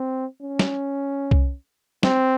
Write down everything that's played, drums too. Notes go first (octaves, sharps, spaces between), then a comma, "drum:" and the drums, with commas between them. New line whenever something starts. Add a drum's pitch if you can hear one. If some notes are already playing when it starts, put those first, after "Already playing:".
Already playing: C4
C#4
drum: snare
drum: kick C2
C4, drum: snare